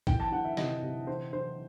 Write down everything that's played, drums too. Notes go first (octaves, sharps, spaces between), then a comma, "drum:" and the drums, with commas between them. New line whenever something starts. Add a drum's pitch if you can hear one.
E3 G5, drum: kick
A5
E3 F#5
E5
C3 D#5, drum: snare
C3
E3 C5
E3 C5